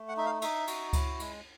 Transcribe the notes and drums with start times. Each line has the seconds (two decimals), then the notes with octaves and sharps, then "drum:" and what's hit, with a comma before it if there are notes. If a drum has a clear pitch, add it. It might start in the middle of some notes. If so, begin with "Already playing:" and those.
Already playing: A3
0.08 F#5
0.17 D#4 E5
0.26 F5
0.42 D#4 E5, drum: cymbal
0.67 F#4, drum: cymbal
0.93 E4, drum: kick C#2, cymbal
1.20 G#3, drum: cymbal